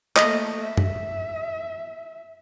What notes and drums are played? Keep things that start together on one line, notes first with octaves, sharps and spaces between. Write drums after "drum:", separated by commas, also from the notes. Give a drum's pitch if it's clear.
A3 A#3 D#5, drum: clap
E5
drum: tom F#2